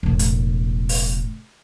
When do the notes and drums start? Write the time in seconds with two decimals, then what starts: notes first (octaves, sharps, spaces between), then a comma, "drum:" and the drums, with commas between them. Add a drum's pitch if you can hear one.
0.03 E1 A2
0.19 drum: hi-hat
0.89 drum: open hi-hat